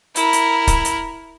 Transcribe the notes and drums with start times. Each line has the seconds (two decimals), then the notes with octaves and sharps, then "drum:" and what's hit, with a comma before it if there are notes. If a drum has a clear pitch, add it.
0.16 E4 A#4, drum: hi-hat
0.33 drum: hi-hat
0.67 drum: kick, hi-hat
0.85 drum: hi-hat